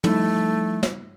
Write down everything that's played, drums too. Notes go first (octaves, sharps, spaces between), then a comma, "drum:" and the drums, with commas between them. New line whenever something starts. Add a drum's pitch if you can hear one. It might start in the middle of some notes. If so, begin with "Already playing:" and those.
F3 G3 A3 D#4 E4 A4, drum: tom
drum: snare